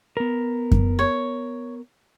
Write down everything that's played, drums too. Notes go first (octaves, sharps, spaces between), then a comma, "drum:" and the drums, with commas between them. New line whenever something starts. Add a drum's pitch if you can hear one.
B3 A#4
drum: kick F#2
C#5